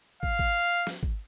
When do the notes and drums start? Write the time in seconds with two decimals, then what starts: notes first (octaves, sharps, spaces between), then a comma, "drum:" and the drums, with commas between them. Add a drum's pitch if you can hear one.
0.23 F5, drum: kick
0.39 drum: kick
0.87 drum: snare
1.03 drum: kick